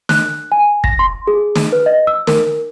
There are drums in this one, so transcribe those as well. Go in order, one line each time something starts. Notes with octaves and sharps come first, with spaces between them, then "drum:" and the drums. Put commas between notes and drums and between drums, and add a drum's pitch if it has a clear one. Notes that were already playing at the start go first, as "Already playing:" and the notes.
F#6, drum: snare
G#5
A#6, drum: kick
C6
G#4
drum: snare
B4
D#5
E6
A#4, drum: snare